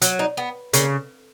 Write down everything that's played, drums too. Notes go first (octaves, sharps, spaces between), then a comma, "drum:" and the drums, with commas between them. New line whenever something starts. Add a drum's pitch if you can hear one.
F#3, drum: hi-hat
D#4
B3
C#3 A#3, drum: hi-hat